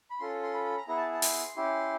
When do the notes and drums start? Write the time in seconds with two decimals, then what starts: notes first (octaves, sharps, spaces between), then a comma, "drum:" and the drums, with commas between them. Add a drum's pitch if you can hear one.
0.10 B5
0.20 C#4 F4 A4 C6
0.43 C6
0.54 B5
0.65 B5
0.77 A#5
0.88 B3 E4 G#4 A#5
0.97 A5
1.13 A5
1.22 C6, drum: open hi-hat
1.56 C#4 E4 G4